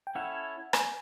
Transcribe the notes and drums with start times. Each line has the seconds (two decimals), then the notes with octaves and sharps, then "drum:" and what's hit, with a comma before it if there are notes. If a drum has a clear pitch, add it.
0.07 G5
0.15 C#4 E4 A4 C#5 F#5
0.73 G#5, drum: rim click